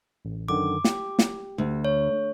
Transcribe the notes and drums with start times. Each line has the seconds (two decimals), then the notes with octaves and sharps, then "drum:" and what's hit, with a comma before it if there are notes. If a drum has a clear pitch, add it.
0.25 A1
0.48 F#2 D3 D#3 D6
0.84 G4, drum: snare
1.19 drum: snare
1.58 D2
1.85 C#5